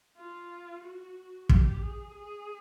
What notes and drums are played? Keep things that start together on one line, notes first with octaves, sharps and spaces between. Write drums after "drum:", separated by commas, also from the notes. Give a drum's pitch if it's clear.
F4
F#4
G4, drum: kick
G#4
G#4